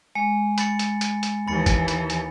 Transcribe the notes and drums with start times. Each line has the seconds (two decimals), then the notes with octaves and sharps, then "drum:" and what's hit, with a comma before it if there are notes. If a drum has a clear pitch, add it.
0.15 G#3 G#5
0.58 B5 A6 C#7, drum: hi-hat
0.79 drum: hi-hat
1.01 drum: hi-hat
1.23 drum: hi-hat
1.48 D#2 E3 B5 A6 C#7
1.66 drum: kick, hi-hat
1.88 drum: hi-hat
2.10 drum: hi-hat